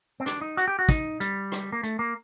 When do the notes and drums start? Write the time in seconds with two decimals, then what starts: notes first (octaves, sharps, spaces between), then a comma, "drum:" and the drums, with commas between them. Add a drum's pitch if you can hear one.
0.20 C4
0.26 D4, drum: rim click
0.41 D#4
0.57 F#4, drum: hi-hat
0.68 G4
0.79 F#4
0.89 D#4, drum: kick, hi-hat
1.20 G3, drum: hi-hat
1.52 drum: rim click
1.72 A#3
1.83 A3, drum: hi-hat
1.99 A#3